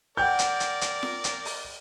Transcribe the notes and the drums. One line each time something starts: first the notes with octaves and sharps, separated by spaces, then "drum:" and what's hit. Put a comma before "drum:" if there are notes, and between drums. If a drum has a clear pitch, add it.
A#4 D5 F#5 G5 G6
drum: hi-hat
drum: hi-hat
drum: hi-hat
drum: snare F4
drum: hi-hat
drum: open hi-hat